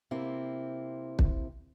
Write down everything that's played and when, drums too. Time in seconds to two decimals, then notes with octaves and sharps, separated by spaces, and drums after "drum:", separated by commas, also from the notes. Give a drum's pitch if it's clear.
0.11 C3 A#3 C4 E4
1.19 drum: kick